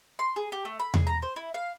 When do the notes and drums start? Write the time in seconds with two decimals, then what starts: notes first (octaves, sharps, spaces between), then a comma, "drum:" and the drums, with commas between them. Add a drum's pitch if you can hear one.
0.19 C6
0.36 G#4
0.52 G4
0.65 A3
0.80 B5
0.94 G#4, drum: tom E2
1.07 A#5
1.22 C5
1.36 E4
1.54 F5